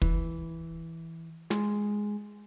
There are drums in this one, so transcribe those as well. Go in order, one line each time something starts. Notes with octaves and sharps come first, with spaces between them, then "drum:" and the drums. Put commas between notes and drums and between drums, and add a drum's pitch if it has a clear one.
E3, drum: kick
G#3, drum: snare